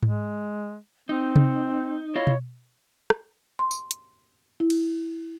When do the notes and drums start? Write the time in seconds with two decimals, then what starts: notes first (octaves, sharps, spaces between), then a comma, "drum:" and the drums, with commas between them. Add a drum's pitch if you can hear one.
0.03 G#3, drum: tom G#2
1.09 C4 D#4
1.36 drum: tom C3
2.16 E4 F4 C#5 D#5
2.27 drum: tom B2
3.10 drum: rim click
3.59 C6
3.71 drum: tambourine
3.91 drum: hi-hat
4.60 E4
4.70 drum: cymbal